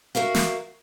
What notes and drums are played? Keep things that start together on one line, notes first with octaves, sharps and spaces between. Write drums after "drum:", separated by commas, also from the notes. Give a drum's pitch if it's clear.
F#4 A#4 E5 F5
drum: snare